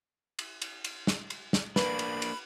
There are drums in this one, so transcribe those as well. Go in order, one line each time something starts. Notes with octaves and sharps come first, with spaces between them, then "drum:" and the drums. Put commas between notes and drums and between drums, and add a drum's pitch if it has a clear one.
drum: cymbal
drum: cymbal
drum: cymbal
drum: snare
drum: cymbal
drum: snare
A#3 D4 B4 B5, drum: snare
drum: cymbal
drum: cymbal